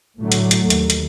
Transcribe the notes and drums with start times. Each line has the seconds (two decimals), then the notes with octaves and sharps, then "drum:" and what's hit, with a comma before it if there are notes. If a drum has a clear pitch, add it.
0.20 A2 D3 F#3 A3
0.32 drum: hi-hat
0.51 drum: hi-hat
0.70 D#2, drum: hi-hat
0.90 drum: hi-hat